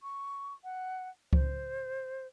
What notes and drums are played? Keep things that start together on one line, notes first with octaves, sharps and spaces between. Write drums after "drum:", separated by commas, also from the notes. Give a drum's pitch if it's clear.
C#6
F#5
C5, drum: kick C#2